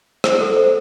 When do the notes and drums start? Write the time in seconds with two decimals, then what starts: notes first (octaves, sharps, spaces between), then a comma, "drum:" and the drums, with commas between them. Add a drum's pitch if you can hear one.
0.24 C5, drum: rim click
0.41 A4
0.57 C5